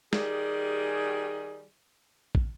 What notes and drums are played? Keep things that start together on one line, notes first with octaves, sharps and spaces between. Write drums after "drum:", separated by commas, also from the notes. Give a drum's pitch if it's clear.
D#3 G3 G4 G#4, drum: snare
drum: kick